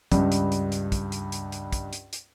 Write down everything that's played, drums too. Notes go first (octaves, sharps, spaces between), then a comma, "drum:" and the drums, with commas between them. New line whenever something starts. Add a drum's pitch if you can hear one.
C#2 G2, drum: kick, hi-hat
drum: hi-hat
drum: hi-hat
drum: hi-hat
drum: kick, hi-hat
drum: hi-hat
drum: hi-hat
drum: hi-hat
drum: kick, hi-hat
drum: hi-hat
drum: hi-hat